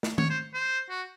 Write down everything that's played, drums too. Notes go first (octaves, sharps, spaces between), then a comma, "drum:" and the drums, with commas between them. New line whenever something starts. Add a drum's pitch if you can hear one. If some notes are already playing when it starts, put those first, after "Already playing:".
drum: snare
C#5, drum: tom D#3
C5
C5
F#4